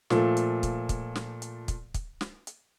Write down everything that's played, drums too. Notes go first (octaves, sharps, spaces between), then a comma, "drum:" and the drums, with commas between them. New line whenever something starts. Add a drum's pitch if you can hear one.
A#2 F3 A3, drum: snare
drum: hi-hat
drum: kick, hi-hat
drum: kick, hi-hat
drum: snare
drum: hi-hat
drum: kick, hi-hat
drum: kick, hi-hat
drum: snare
drum: hi-hat